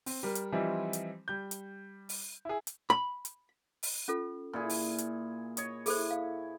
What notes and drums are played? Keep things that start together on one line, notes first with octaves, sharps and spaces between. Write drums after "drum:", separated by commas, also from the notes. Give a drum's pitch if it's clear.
C4, drum: open hi-hat
G3 A#4
drum: hi-hat
E3 F3 G3 C4 D#4 E4
drum: hi-hat
G3 G6
drum: hi-hat
drum: open hi-hat
E4 G#4
drum: hi-hat
B5
drum: hi-hat
drum: open hi-hat
C#4 F4 A4
A#2 E4 G#4
drum: open hi-hat
drum: hi-hat
C#5 D#5, drum: hi-hat
E4 G#4 A4 C5, drum: open hi-hat
F5